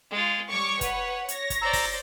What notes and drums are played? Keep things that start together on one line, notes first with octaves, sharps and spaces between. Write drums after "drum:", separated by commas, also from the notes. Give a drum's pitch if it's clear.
G#3 F4
G3 C#5 C#6 D6
B4 F#5, drum: kick, hi-hat
C#5 A#6, drum: hi-hat
drum: kick, hi-hat
C5 D5 A#5 E6
drum: kick, open hi-hat